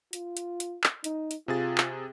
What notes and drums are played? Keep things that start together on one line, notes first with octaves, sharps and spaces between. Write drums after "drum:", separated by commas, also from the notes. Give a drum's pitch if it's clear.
F4, drum: hi-hat
drum: hi-hat
drum: hi-hat
drum: clap
D#4, drum: hi-hat
drum: hi-hat
C3 F4 G#4 A6
drum: clap